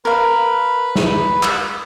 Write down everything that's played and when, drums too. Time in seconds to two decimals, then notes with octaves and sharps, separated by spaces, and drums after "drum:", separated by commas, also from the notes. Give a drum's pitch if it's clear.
0.05 A#4 B4 F5 B5
0.96 drum: snare
1.43 drum: clap